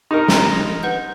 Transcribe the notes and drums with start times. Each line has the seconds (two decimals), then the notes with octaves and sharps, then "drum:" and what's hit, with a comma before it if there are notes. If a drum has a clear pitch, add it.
0.11 D#4 G4 A#4
0.28 D#5 A#5 C6, drum: snare
0.83 B4 F#5 G6